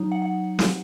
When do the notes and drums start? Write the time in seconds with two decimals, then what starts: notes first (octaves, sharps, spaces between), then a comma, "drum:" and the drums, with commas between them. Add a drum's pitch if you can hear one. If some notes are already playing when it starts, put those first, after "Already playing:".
Already playing: F#3 D#4
0.12 F#5
0.22 F#5
0.59 drum: snare